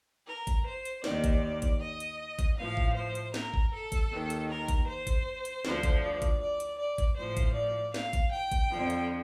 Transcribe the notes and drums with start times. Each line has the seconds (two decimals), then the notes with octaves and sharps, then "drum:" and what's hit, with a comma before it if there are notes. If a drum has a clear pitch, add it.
0.28 A#4
0.47 drum: kick G#1, hi-hat
0.67 C5
0.85 drum: hi-hat
1.04 D#2 D#3 D5, drum: snare
1.24 drum: kick G#1, hi-hat
1.62 drum: kick G#1, hi-hat
1.81 D#5
2.00 drum: hi-hat
2.39 drum: kick G#1, hi-hat
2.57 A2 F3 F5
2.77 drum: kick G#1
2.96 C5
3.15 drum: hi-hat
3.34 A#4, drum: snare
3.54 drum: kick G#1
3.73 A4
3.92 drum: kick G#1, hi-hat
4.12 D#2 D#3
4.30 drum: hi-hat
4.50 A#4
4.68 drum: kick G#1, hi-hat
4.88 C5
5.07 drum: kick G#1, hi-hat
5.45 drum: hi-hat
5.65 D2 D3 F3, drum: snare
5.83 drum: kick G#1, hi-hat
6.02 D5
6.22 drum: kick G#1, hi-hat
6.41 D5
6.60 drum: hi-hat
6.79 D5
6.98 drum: kick G#1, hi-hat
7.18 A2 F3 C5
7.37 drum: kick G#1, hi-hat
7.55 D5
7.94 F5, drum: snare
8.13 drum: kick G#1, hi-hat
8.32 G5
8.52 drum: kick G#1, hi-hat
8.71 F2 D3 F3
8.90 drum: hi-hat